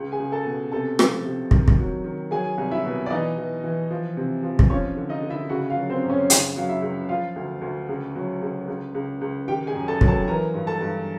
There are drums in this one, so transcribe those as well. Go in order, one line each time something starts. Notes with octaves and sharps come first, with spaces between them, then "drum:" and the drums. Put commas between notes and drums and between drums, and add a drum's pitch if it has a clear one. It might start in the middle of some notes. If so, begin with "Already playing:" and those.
Already playing: C#2
G#4 G#5
C#2
A4 A5
B2
C3 A4 A5
F3, drum: rim click
C3
D#3, drum: kick
drum: kick
F#3
D#3
F#3 G#4 G#5
C2
E4 E5
B2
D5
E3 D#4 D#5
E3
E3
F3
C3
F3
drum: kick
F3 C#4 C#5
D3
D#4 D#5
D3
E4 E5
C#3 F#4 F#5
F4 F5
F#3
C4 C5
F#2
C#4 C#5
C#3, drum: hi-hat
F#3 F5
E4 E5
C#2
F3 F4 F5
D2
D2
C#2
F#3
C#2
C#2
C#2
C#2
D#3 G4 G5
G#4 G#5
F#2
A4 A5
F#3, drum: kick
A4 A5
E3 A#4 A#5
G2
A4 A5
G2